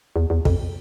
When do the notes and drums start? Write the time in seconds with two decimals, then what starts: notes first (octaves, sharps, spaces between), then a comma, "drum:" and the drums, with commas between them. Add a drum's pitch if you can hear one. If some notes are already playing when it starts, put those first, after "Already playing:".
0.16 E2
0.30 E2
0.45 F2, drum: kick